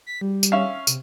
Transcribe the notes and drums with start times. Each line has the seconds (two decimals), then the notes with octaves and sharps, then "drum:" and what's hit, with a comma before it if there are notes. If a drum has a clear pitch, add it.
0.06 B6
0.21 G3
0.43 drum: tambourine
0.52 C#4 E5 F5
0.87 C3, drum: tambourine